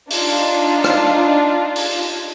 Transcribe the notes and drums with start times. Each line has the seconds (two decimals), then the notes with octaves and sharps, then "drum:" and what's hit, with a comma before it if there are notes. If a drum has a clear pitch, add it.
0.10 D4 D#4 F4, drum: open hi-hat
0.84 drum: rim click
1.76 drum: open hi-hat